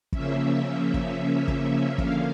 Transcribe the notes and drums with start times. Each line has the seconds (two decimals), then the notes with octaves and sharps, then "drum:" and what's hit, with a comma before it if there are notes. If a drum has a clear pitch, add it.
0.12 C#3 F3 A#3 C#4 E5, drum: kick
0.94 drum: kick
1.48 drum: kick
1.98 D3 F3 A#3 C#4 F5, drum: kick